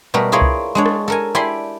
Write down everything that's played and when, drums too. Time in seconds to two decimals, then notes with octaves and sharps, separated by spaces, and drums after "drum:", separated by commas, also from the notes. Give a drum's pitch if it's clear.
0.14 B2 G3 A3 A#4
0.32 E4 F4 G#4 A#4 C#5 D5
0.42 drum: kick C2
0.75 G#3 D4 C#5
0.86 drum: rim click
1.08 A4 A#4 G#5
1.35 E4 G4 A4 D5 G#5 C6